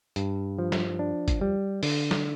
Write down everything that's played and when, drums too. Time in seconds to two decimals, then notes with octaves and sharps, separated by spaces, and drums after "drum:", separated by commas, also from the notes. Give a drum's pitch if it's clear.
0.16 G2, drum: hi-hat
0.59 F3
0.72 drum: snare
0.99 D4
1.28 drum: kick, hi-hat
1.41 G3
1.83 D3, drum: open hi-hat
2.11 drum: snare